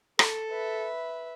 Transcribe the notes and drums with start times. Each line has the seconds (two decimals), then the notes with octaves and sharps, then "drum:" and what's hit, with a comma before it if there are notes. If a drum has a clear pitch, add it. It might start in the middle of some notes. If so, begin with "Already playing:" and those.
0.19 A4, drum: rim click
0.50 B4 E5